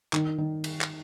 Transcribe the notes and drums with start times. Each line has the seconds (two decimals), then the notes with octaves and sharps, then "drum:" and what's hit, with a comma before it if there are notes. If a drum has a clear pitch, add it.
0.13 D#3, drum: clap
0.38 D#3
0.64 drum: cymbal
0.81 drum: clap